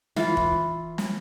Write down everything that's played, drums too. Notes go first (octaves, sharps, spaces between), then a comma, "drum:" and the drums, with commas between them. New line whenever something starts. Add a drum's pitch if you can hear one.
E3 F4, drum: snare
drum: kick F1
drum: snare